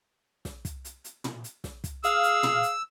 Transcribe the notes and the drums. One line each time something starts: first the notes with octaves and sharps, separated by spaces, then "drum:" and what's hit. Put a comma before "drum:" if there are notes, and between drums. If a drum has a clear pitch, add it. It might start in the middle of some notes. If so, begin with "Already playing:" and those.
drum: snare
drum: kick, hi-hat
drum: hi-hat
drum: hi-hat
drum: tom
drum: hi-hat
drum: snare
drum: kick, hi-hat
G#4 F5 E6, drum: hi-hat
drum: hi-hat
drum: tom
drum: hi-hat